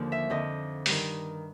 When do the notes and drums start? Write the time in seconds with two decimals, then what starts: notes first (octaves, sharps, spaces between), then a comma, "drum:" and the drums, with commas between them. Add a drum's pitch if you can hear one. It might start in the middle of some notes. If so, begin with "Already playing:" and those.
Already playing: D#2 D3 F3
0.12 E5
0.30 F2 D3 F3 D#5
0.86 G2 D#3, drum: open hi-hat